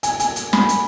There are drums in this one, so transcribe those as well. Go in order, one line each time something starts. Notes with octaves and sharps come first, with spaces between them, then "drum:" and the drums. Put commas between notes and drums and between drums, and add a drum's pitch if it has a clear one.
G#5, drum: hi-hat
G#5, drum: hi-hat
drum: hi-hat
B5, drum: snare
drum: hi-hat